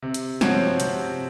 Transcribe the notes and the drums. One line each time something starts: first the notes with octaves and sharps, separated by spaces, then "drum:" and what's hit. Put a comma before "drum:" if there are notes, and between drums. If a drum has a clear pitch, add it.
C3
drum: hi-hat
F3 C4 F#4 C#5, drum: snare
C3, drum: hi-hat